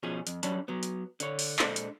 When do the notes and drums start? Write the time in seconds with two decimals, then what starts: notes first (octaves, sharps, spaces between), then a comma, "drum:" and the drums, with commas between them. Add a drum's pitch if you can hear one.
0.03 B2 F3 C#4 G#4
0.27 F2, drum: hi-hat
0.43 F#2 F#3 C#4 D4 A5, drum: hi-hat
0.68 F#3 B3
0.83 drum: hi-hat
1.20 D3 C#5, drum: hi-hat
1.39 drum: open hi-hat
1.59 A#2 G#3 D4 A4 C5 C6, drum: clap
1.76 drum: hi-hat